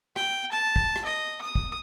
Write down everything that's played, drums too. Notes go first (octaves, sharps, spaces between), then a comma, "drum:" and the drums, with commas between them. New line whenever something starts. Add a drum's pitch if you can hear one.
G5, drum: rim click
A5
drum: kick
drum: rim click
D#5
D#6
drum: kick